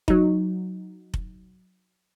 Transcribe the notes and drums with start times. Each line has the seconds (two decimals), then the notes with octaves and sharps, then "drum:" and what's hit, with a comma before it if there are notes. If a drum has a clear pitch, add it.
0.08 F#3 D#4, drum: kick F1
1.14 drum: kick F1